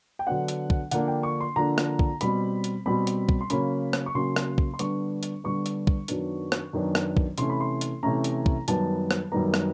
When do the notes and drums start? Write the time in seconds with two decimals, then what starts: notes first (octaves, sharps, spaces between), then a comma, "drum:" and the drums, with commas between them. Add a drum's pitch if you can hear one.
0.19 G5
0.27 D3 F#3 B3 D4 F#5
0.48 drum: hi-hat
0.70 drum: kick
0.91 D3 F3 A#3 D4 F#5, drum: hi-hat
1.08 G5
1.23 C#6
1.41 C6
1.56 D3 F3 A#3 D4 A#5
1.78 drum: rim click
1.99 drum: kick
2.21 B2 G3 C4 B5, drum: hi-hat
2.64 drum: hi-hat
2.86 B2 G3 C4 B5
3.07 drum: hi-hat
3.29 drum: kick
3.41 C6
3.50 C#3 F#3 A#3 C#4 B5, drum: hi-hat
3.93 drum: rim click
4.06 C#6
4.15 C#3 F#3 A#3 C#4 C6
4.36 drum: rim click
4.58 drum: kick
4.74 C6
4.79 D3 G3 B3 D4 C#6, drum: hi-hat
5.23 drum: hi-hat
5.44 D3 G3 B3 D4 C#6
5.66 drum: hi-hat
5.87 drum: kick
6.08 F#2 D#3 F#3 B3 D4, drum: hi-hat
6.52 drum: rim click
6.73 F#2 D#3 F#3 B3 D4
6.95 drum: rim click
7.17 drum: kick
7.38 C3 E3 A3 C#4 C6, drum: hi-hat
7.50 B5
7.60 C6
7.81 drum: hi-hat
8.03 C3 E3 A3 C#4 A#5
8.24 drum: hi-hat
8.46 drum: kick
8.68 F#2 D#3 G3 B3 A5, drum: hi-hat
9.11 drum: rim click
9.32 F#2 D#3 G3 B3 A#5
9.54 drum: rim click